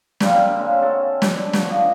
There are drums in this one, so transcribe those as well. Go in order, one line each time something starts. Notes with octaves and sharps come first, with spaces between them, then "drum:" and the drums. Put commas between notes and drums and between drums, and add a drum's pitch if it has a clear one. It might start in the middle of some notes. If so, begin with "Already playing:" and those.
D3 G3 A#3 C4, drum: snare
C#3 G#3 A#3 C4
C4 C#4 F#4 A4
drum: snare
D4
F#4, drum: snare
D#3 F3 D4 D#5